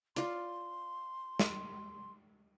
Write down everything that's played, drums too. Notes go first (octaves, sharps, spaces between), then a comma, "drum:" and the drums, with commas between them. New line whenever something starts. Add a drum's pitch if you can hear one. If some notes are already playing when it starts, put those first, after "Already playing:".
F4 D5 C6, drum: hi-hat
drum: snare